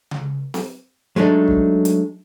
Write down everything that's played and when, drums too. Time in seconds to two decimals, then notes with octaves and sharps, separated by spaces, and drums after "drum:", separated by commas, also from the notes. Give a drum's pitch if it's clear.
0.11 drum: tom C#3
0.54 drum: snare C4
1.16 F#3 G#3 A3 D4 D#4
1.48 drum: kick
1.85 drum: hi-hat